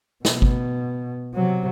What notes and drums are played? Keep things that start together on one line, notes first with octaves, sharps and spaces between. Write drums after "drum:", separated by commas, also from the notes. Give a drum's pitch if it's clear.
B2, drum: snare
drum: kick G#1
C3 F#3